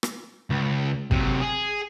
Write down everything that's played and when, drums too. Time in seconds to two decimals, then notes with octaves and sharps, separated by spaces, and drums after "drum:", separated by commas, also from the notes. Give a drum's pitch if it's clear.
0.03 drum: rim click
0.50 C#2
1.11 C3 F#3, drum: kick
1.41 G#4